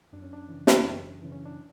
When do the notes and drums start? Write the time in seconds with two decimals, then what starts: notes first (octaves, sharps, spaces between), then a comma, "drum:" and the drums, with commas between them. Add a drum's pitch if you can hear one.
0.13 F#2 D4
0.22 C#4
0.33 D4
0.49 C#3 E3
0.67 drum: snare
0.85 F#2
1.22 C#3 E3
1.32 C#4
1.46 D4